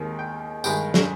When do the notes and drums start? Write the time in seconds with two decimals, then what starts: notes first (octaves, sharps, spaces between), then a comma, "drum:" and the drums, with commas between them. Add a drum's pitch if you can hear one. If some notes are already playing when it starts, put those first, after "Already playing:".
Already playing: D#2 D#3 G#3
0.19 G5
0.64 G2 D#3 G#3 G5, drum: tambourine
0.94 drum: snare